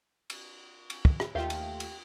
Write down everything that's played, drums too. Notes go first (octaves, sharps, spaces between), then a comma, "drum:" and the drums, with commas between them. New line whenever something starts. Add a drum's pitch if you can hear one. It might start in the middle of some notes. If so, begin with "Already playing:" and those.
drum: cymbal
drum: cymbal
drum: kick
drum: rim click
D#2 A3 F4 G4 F5
drum: cymbal
drum: cymbal